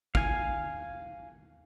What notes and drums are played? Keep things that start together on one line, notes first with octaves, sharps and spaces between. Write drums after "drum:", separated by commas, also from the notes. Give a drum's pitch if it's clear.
F5 G#5, drum: kick